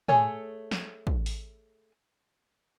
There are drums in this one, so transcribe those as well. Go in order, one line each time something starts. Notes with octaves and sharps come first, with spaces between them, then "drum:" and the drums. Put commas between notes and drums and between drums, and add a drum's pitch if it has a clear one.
A3 G#4 A4 C#5 G#5, drum: tom
drum: snare
drum: kick
drum: open hi-hat